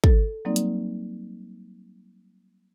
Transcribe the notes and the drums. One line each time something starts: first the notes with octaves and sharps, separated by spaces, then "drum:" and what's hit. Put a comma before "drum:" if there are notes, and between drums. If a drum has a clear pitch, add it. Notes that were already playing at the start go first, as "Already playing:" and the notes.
A4, drum: kick
F#3 G3 A#3 C4 D#4 D5
drum: hi-hat